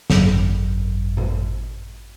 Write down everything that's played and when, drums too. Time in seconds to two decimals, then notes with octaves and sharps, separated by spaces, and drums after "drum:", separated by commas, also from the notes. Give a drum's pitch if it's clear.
0.10 G#1 F#2, drum: snare
1.17 drum: tom A#2